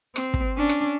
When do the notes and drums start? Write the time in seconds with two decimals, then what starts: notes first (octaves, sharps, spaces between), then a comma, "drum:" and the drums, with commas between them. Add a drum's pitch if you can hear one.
0.16 C4, drum: rim click
0.34 drum: kick
0.56 C#4 D4
0.69 drum: rim click